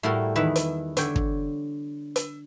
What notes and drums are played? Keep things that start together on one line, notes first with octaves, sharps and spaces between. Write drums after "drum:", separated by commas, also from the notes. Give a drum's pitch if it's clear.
A2 G3 E4 F#4 A4 A#4
E2 D#3 E4 B4 E5
drum: hi-hat
D3 C#5 G5, drum: hi-hat
drum: kick
drum: hi-hat